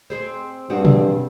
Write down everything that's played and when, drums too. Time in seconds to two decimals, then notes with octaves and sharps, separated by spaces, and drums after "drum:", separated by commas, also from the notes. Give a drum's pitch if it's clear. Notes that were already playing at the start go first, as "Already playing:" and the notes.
0.10 C4 G#4 C5
0.70 G2 C4 F#4 G#4
0.85 drum: tom B2